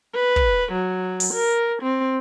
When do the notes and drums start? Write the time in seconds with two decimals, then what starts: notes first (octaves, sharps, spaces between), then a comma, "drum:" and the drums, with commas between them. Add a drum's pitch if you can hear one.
0.15 B4
0.36 drum: kick
0.71 F#3
1.20 drum: open hi-hat
1.33 A#4
1.82 C4